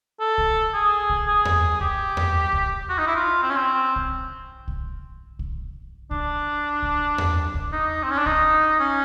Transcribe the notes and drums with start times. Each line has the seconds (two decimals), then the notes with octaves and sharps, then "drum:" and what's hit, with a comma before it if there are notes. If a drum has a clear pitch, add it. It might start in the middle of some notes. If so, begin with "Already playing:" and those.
0.20 A4
0.38 drum: kick
0.74 G#4
1.10 drum: kick
1.28 G#4
1.45 drum: tom E2
1.81 G4, drum: kick
2.17 drum: tom E2
2.53 drum: kick
2.89 F#4
2.98 D#4
3.07 E4
3.16 F4
3.43 C4
3.50 C#4
3.57 C4
3.96 drum: kick
4.68 drum: kick
5.39 drum: kick
6.11 D4, drum: kick
6.82 drum: kick
7.18 drum: tom E2
7.54 drum: kick
7.72 D#4
8.03 C4
8.11 C#4
8.18 D4
8.26 D#4, drum: kick
8.80 C#4